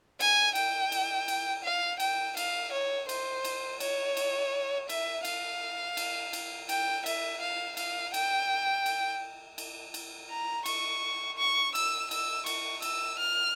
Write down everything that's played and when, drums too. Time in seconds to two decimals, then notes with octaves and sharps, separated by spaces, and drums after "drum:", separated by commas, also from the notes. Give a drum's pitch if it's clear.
0.20 G#5, drum: cymbal
0.55 G5, drum: cymbal
0.92 drum: cymbal
1.28 drum: cymbal
1.64 F5
2.00 G5, drum: cymbal
2.37 F5, drum: cymbal
2.72 C#5
3.09 C5, drum: cymbal
3.44 drum: cymbal
3.80 C#5, drum: cymbal
4.17 drum: cymbal
4.89 E5, drum: cymbal
5.25 F5, drum: cymbal
5.97 drum: cymbal
6.33 drum: cymbal
6.69 G5, drum: cymbal
7.06 E5, drum: cymbal
7.41 F5
7.77 F5, drum: cymbal
8.14 G5, drum: cymbal
8.86 drum: cymbal
9.58 drum: cymbal
9.94 drum: cymbal
10.30 A#5
10.66 C#6, drum: cymbal
11.38 C#6
11.75 E6, drum: cymbal
12.11 E6, drum: cymbal
12.46 C#6, drum: cymbal
12.82 E6, drum: cymbal
13.19 F6